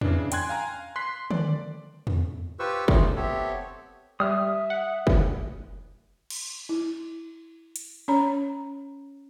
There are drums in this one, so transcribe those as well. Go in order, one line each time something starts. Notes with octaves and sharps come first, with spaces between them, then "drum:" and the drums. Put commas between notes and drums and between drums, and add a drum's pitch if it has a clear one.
C#3 E3 D4, drum: tom E2
G5 G#5 C6 F#6 G#6, drum: hi-hat
F5 G#5 A#5
C6 F#6 B6 C7
D5, drum: tom D3
drum: tom E2
F4 G4 B4 C5 C#6 E6
G2 A3 A#3 F4 G#4, drum: kick
B3 C4 G4 A4 C#5 E5
G3 E5 D#6 F6
F#5
drum: kick
drum: cymbal
E4
drum: hi-hat
C#4 C#5 A#5 B5